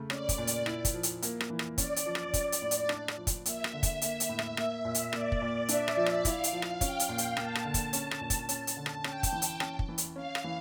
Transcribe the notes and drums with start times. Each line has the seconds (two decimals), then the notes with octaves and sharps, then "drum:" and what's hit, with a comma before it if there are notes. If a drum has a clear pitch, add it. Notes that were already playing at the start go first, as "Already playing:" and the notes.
Already playing: C#3 A3
0.10 C#4 D5, drum: rim click
0.29 drum: kick, hi-hat
0.38 A#2
0.47 drum: hi-hat
0.66 E4, drum: rim click
0.85 drum: kick, hi-hat
0.94 F3
1.03 drum: hi-hat
1.22 A#3, drum: hi-hat
1.41 drum: rim click
1.50 E3
1.59 drum: rim click
1.78 C#4 D5, drum: kick, hi-hat
1.96 drum: hi-hat
2.06 F3
2.15 drum: rim click
2.34 C#4, drum: kick, hi-hat
2.52 drum: hi-hat
2.62 A2
2.71 drum: hi-hat
2.89 D4, drum: rim click
3.08 drum: rim click
3.17 F3
3.27 drum: kick, hi-hat
3.46 A#3 E5, drum: hi-hat
3.64 drum: rim click
3.73 D3
3.83 drum: kick, hi-hat
4.02 A#3 E5, drum: hi-hat
4.20 drum: hi-hat
4.29 A2
4.39 drum: rim click
4.57 A#3, drum: rim click
4.85 A#2
4.95 drum: hi-hat
5.13 A#3 D5, drum: rim click
5.32 drum: kick
5.42 A#2
5.68 D4 E5, drum: hi-hat
5.88 drum: rim click
5.97 F3
6.06 drum: rim click
6.25 E4 F5, drum: kick, hi-hat
6.44 drum: hi-hat
6.53 F3
6.62 drum: rim click
6.81 C#4 G5, drum: kick, hi-hat
7.00 drum: hi-hat
7.09 A#2
7.18 drum: hi-hat
7.37 A#3 A5, drum: rim click
7.55 drum: rim click
7.64 D3
7.74 drum: kick, hi-hat
7.93 C#4, drum: hi-hat
8.11 drum: rim click
8.21 A#2
8.30 drum: kick, hi-hat
8.49 C#4 A5, drum: hi-hat
8.67 drum: hi-hat
8.77 D3
8.86 drum: rim click
9.04 C#4 G5, drum: rim click
9.23 drum: kick, hi-hat
9.32 E3
9.42 drum: hi-hat
9.60 C#4, drum: rim click
9.79 drum: kick
9.89 E3
9.98 drum: hi-hat
10.16 C#4 F5
10.35 drum: rim click
10.44 E3